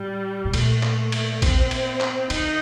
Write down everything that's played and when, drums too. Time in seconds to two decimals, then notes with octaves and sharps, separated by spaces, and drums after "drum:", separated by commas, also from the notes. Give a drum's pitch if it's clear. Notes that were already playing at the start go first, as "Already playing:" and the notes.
Already playing: A2 G3
0.45 A2
0.54 A#2 A3, drum: cymbal
0.83 drum: clap
1.12 drum: cymbal
1.42 C4, drum: kick, cymbal
1.71 drum: cymbal
2.01 drum: clap
2.30 D3 D#4, drum: cymbal